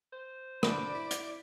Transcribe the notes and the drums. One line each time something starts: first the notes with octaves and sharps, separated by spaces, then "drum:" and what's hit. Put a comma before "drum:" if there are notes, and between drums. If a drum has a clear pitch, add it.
C5
D3 D5 B5, drum: rim click
E4
drum: hi-hat